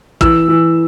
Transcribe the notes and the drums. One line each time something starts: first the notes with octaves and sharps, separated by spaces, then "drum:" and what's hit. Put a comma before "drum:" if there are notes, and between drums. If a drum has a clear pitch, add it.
E3 E6, drum: kick
E3